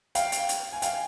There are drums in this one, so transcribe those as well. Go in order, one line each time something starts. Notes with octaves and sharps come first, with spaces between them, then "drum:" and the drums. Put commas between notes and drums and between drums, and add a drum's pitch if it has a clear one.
F5 G5, drum: hi-hat
drum: hi-hat
drum: hi-hat
G#5
F5 G5, drum: hi-hat